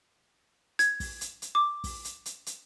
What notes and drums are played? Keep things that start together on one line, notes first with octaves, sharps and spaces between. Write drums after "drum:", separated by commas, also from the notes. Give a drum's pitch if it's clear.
G#6, drum: hi-hat
drum: kick, open hi-hat
drum: hi-hat
drum: hi-hat
D6
drum: kick, open hi-hat
drum: hi-hat
drum: hi-hat
drum: hi-hat